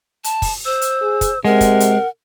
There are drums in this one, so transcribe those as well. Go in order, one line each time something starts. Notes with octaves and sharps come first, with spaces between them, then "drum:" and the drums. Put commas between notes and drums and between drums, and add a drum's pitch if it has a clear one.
A5, drum: hi-hat
drum: kick, open hi-hat
C5 E6
drum: hi-hat
G#4
drum: kick, hi-hat
C3 G#3 A#4 F#5
drum: kick, hi-hat
drum: hi-hat